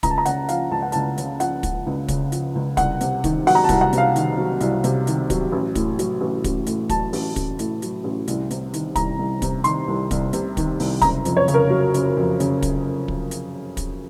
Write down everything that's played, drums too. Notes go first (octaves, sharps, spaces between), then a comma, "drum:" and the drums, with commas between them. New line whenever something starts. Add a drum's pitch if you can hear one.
C#2 A#5, drum: kick, hi-hat
A5
A#5
C#3 F#5, drum: hi-hat
F3 F5, drum: hi-hat
C#2 A5
F#5
C#2 A5, drum: hi-hat
C#3, drum: hi-hat
F3 F#5, drum: hi-hat
C#2, drum: kick, hi-hat
C#2
C#3, drum: kick, hi-hat
F3, drum: hi-hat
C#2
C2 F#5, drum: kick, hi-hat
C3, drum: hi-hat
D#3, drum: kick, hi-hat
F#3 F#5, drum: open hi-hat
A#5
A5
C2, drum: kick, hi-hat
F#5
C3, drum: hi-hat
F5
D#3, drum: hi-hat
F#3
C2, drum: hi-hat
C3, drum: hi-hat
D#3, drum: hi-hat
F#3, drum: kick, hi-hat
A1
A2, drum: kick, hi-hat
F#3, drum: hi-hat
A1
A1, drum: kick, hi-hat
A2, drum: hi-hat
F#3 A5, drum: kick, hi-hat
A1, drum: open hi-hat
A1, drum: kick, hi-hat
A2, drum: hi-hat
F#3, drum: hi-hat
A1
C2, drum: hi-hat
C3, drum: hi-hat
D#3, drum: hi-hat
C2 A#5, drum: kick, hi-hat
C2
C3, drum: kick, hi-hat
D#3 C6, drum: hi-hat
C2
C2, drum: kick, hi-hat
C3, drum: hi-hat
D#3, drum: kick, hi-hat
C2, drum: open hi-hat
F#1 A#5, drum: kick, hi-hat
F2, drum: hi-hat
C#5
C#3, drum: hi-hat
A#4
F#3
F#1, drum: hi-hat
F2
C#3, drum: hi-hat
drum: kick, hi-hat
drum: kick
drum: hi-hat
drum: kick, hi-hat